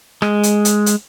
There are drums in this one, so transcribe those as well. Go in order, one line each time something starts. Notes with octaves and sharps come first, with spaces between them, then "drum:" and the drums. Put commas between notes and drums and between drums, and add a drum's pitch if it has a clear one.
G#3, drum: rim click
drum: hi-hat
drum: hi-hat
drum: hi-hat